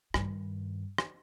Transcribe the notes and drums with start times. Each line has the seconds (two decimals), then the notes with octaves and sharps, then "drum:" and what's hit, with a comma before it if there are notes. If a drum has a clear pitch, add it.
0.14 G2 D#3, drum: rim click
0.98 drum: rim click